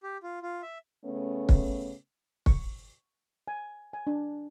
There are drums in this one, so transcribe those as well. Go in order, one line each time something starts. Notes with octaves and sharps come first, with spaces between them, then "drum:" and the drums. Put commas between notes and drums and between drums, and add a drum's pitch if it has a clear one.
G4
F4
F4
E5
C#3 A3 B3 C#4
drum: kick
C#6, drum: kick
G#5
G#5
D4